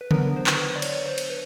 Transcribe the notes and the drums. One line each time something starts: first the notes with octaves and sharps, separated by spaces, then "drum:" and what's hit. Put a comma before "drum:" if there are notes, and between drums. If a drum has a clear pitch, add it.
B4
D3 F#3 B3 D4 A#4, drum: tom C#3
C5
B4, drum: clap
D5
C#5, drum: cymbal
C5
drum: cymbal
B4